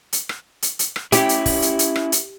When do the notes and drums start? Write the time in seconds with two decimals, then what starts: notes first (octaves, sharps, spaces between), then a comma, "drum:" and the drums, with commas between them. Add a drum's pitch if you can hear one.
0.13 drum: hi-hat
0.29 drum: rim click
0.62 drum: hi-hat
0.79 drum: hi-hat
0.96 drum: rim click
1.12 C#4 E4 G4, drum: hi-hat
1.29 drum: hi-hat
1.46 drum: kick, open hi-hat
1.62 drum: hi-hat
1.79 drum: hi-hat
1.96 drum: rim click
2.12 drum: hi-hat